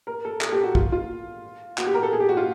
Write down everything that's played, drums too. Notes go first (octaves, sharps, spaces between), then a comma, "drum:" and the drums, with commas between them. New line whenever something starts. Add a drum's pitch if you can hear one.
A#4
A4
A4, drum: clap
G4
F#4
F4, drum: kick
F4
F#4, drum: clap
G4
A#4
A4
G#4
G4
F#4
F4